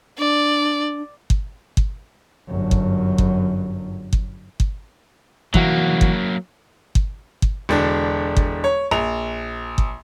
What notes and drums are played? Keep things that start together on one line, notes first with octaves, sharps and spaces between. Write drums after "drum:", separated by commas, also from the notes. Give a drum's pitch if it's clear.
D4 D5
drum: kick G1
drum: kick G1
G1 F#2
drum: kick G1
drum: kick G1
drum: kick G1
drum: kick G1
C2 E3 F#3 A#3 F#4, drum: kick G1
drum: kick G1
drum: kick G1
drum: kick G1
E1 D3 D4
drum: kick G1
C#5
A#1 F7
drum: kick G1